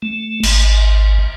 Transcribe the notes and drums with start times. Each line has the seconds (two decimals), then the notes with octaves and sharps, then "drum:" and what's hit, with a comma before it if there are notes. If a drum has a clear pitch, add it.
0.02 A3
0.43 G#1, drum: cymbal